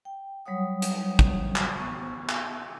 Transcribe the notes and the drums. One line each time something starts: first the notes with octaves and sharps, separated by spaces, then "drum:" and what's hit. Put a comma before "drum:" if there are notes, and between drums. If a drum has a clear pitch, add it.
G5
F#3 G3 C#5 F#5 D#6
drum: hi-hat
drum: kick
drum: clap
B3 C#6
drum: clap